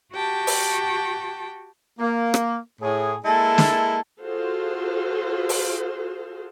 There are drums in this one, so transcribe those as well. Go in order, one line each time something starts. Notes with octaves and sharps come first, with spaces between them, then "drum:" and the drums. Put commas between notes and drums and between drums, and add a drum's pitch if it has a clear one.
F#4 G4 G5 A5
drum: open hi-hat
A#3
drum: rim click
A2 G#4
G#3 A#3 E4 A4 A5
drum: snare
F4 F#4 G#4 A4 C5
drum: open hi-hat